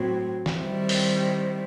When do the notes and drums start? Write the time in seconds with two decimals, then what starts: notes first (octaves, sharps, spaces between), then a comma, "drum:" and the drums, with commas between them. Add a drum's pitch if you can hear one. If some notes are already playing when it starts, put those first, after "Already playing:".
Already playing: A2 F#3 C4
0.46 drum: snare
0.58 D#3 G3 C4 E4
0.89 drum: open hi-hat